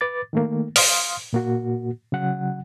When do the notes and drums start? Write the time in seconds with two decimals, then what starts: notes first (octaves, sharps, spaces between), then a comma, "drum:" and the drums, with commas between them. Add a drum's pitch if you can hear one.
0.01 B4 D6 A6
0.33 D#3 A3 A#3
0.76 F5 C6 D#6 F6, drum: open hi-hat
1.33 A#2 A#3 F#4
2.12 C#3 F#3 F#5